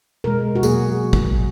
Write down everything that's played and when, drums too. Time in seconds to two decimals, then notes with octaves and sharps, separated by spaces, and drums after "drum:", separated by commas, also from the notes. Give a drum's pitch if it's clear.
0.24 B2 G#3 A#4
0.55 F#4
0.63 B2 F#3 A#3 G#4, drum: tambourine
1.13 drum: kick A1